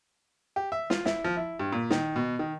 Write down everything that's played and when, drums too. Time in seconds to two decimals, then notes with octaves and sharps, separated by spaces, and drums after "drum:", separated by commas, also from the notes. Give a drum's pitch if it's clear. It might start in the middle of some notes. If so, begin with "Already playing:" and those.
0.56 G4
0.72 E5
0.90 F4, drum: snare
1.05 E4, drum: snare
1.24 F3
1.37 E4
1.60 G2
1.73 A#2
1.91 D#3, drum: snare
2.16 B2
2.39 D#3